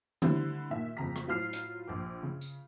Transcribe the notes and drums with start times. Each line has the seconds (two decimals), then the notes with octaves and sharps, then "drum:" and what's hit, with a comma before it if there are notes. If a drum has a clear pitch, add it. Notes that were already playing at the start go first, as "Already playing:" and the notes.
0.22 D3 G3 A3 E4 C5, drum: tom D#3
0.70 A#2 D#3 E5
0.97 F2 C#3 A#5 B6
1.16 drum: rim click
1.27 A2 F#3 F4 C5 F6 C7
1.53 drum: hi-hat
1.88 A#1 C5 D6
2.23 C#3
2.41 drum: tambourine